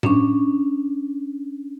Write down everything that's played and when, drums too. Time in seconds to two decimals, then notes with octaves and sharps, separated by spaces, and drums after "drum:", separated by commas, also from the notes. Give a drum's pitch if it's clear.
0.03 C#4 D4 C#6, drum: tom A2